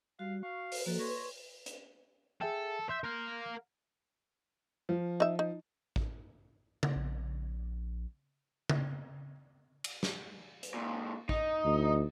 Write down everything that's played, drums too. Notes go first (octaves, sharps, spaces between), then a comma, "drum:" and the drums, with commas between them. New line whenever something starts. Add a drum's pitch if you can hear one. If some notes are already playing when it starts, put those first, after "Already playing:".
G3 F#4 F5
F5 C#6
drum: open hi-hat
F3 A#3 F#4 A4
B4 C#5 C6 A#6
drum: hi-hat
G#4 A4 E5 G5
E5 C6 G6
A#4 F5
F3
D#4 E5
D#4
drum: kick A1
drum: tom C#3
A#1
drum: tom C#3
drum: cymbal
drum: snare
drum: hi-hat
C#2 A#2
D#4, drum: kick A1
D2